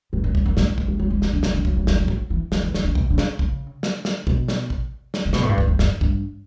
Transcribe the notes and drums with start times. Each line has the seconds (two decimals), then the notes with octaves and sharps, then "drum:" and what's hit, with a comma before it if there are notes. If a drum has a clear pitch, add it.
0.13 G2
0.24 F#2
0.35 F#2, drum: kick A1
0.46 F#2
0.57 A2, drum: snare
0.67 A2
0.78 F#3, drum: kick A1
0.88 G3
0.99 F#3
1.10 G3
1.22 F#3, drum: snare
1.33 D3
1.43 C#3, drum: snare
1.54 D3
1.65 F#3, drum: kick A1
1.77 F#3
1.87 E3, drum: snare
1.98 F#3
2.08 F#3, drum: kick A1
2.30 E3
2.52 D3, drum: snare
2.63 E3
2.74 E3, drum: snare
2.85 D3
2.95 B2, drum: kick A1
3.10 D3
3.18 C#3, drum: snare
3.39 C#3, drum: kick A1
3.83 drum: snare
4.05 drum: snare
4.27 B2, drum: kick A1
4.48 drum: snare
4.70 drum: kick A1
5.14 drum: snare
5.25 C#3
5.33 B2, drum: snare
5.42 A2
5.49 G2
5.58 F#2, drum: kick A1
5.68 E2
5.79 F#2, drum: snare
6.01 G2, drum: kick A1